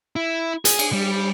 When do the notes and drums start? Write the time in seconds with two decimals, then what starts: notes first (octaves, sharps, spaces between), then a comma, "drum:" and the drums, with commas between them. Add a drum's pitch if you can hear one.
0.16 E4
0.65 G#4, drum: hi-hat
0.79 drum: cymbal
0.93 G3